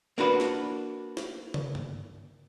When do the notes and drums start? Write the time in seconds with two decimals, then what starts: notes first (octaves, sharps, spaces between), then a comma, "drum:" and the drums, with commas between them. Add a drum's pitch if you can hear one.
0.18 A#3 D4 F#4 B4
0.40 drum: snare
1.17 drum: snare
1.54 drum: tom
1.75 drum: tom G2